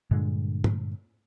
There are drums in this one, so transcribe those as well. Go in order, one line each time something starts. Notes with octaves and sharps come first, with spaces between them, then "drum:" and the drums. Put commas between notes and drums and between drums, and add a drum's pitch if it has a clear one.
G2 A#2 D3 G#3
drum: tom